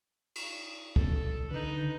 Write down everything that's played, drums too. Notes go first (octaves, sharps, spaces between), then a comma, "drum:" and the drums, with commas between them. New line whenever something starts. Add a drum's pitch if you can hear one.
drum: cymbal
A4, drum: kick
D3 D#4 B4